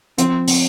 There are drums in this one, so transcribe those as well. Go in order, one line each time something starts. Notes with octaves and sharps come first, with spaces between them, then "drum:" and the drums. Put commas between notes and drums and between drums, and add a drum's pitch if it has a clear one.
F3 C4, drum: hi-hat
C4, drum: open hi-hat